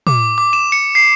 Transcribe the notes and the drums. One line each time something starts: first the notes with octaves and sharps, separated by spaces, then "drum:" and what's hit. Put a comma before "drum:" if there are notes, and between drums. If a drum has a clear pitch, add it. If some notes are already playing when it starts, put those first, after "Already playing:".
D6, drum: tom
D6
E7
C#7
C7